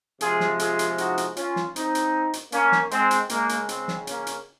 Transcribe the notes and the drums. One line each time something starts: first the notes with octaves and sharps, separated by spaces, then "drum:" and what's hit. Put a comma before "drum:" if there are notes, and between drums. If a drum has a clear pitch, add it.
C3 F3 G#3 F4 G#4, drum: hi-hat
drum: snare
F4 G#4, drum: hi-hat
drum: hi-hat
D#4 F#4, drum: hi-hat
drum: hi-hat
C#4 F4, drum: hi-hat
drum: snare
C4 D#4, drum: hi-hat
drum: hi-hat
drum: hi-hat
A#3 C#4, drum: hi-hat
drum: snare
G#3 C4, drum: hi-hat
drum: hi-hat
C#3 G#3 A#3, drum: hi-hat
drum: hi-hat
G#3 C4, drum: hi-hat
drum: snare
A#3 C#4, drum: hi-hat
drum: hi-hat